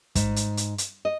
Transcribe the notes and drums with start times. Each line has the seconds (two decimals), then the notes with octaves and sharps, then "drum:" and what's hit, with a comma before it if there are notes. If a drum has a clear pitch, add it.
0.15 G#2, drum: kick, hi-hat
0.36 drum: hi-hat
0.57 drum: hi-hat
0.78 drum: hi-hat
1.05 D#5